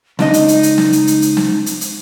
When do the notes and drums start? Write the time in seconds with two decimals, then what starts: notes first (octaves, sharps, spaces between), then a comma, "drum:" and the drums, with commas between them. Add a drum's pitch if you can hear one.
0.19 C#2 D4 D#4 D#5, drum: snare
0.34 drum: hi-hat
0.48 drum: hi-hat
0.63 drum: hi-hat
0.78 drum: snare
0.93 drum: hi-hat
1.07 drum: hi-hat
1.22 drum: hi-hat
1.37 drum: snare
1.66 drum: hi-hat
1.81 drum: hi-hat